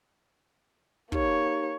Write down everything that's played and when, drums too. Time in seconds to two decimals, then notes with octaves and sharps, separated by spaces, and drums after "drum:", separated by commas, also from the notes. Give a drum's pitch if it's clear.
1.12 A#3 D#4 G4 C#5, drum: kick